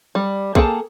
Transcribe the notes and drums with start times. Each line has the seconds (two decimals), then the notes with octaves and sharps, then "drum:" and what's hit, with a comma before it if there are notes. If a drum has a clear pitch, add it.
0.15 G3
0.55 A#3 G#4 A4 G5 A5, drum: kick